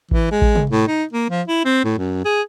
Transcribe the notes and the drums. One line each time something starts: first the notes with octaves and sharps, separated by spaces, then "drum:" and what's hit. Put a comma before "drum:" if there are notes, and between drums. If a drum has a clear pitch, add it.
E3, drum: kick A1
G#3
drum: kick A1
drum: tom C3
A2
D#4
A#3
F3
E4
C4
A2
F#2
G#4